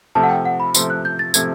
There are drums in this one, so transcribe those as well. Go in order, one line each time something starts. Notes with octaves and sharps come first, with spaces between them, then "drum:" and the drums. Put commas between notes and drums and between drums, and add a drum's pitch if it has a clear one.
C3 F3 A3 A5
F#5
G5
F#5
B5
C3 F3 A3 C6, drum: tambourine
F#6
G6
A6
C3 F3 A3 G#6, drum: tambourine